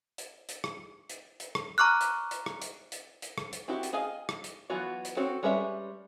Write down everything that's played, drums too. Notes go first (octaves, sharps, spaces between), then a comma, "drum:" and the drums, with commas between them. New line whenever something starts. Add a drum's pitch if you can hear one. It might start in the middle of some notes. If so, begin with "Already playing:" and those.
drum: hi-hat
drum: hi-hat
drum: rim click
drum: hi-hat
drum: hi-hat
drum: rim click
A#5 C#6 D6 F6 F#6
drum: hi-hat
drum: hi-hat
drum: rim click
drum: hi-hat
drum: hi-hat
drum: hi-hat
drum: rim click
drum: hi-hat
C4 E4 F#4 G4 E5
drum: hi-hat
G#4 D#5 F5 G#5
drum: rim click
drum: hi-hat
E3 F#3 B3 F4 F#4
drum: hi-hat
C4 C#4 F#4 A4 C5
G3 G#3 C#4 B4 E5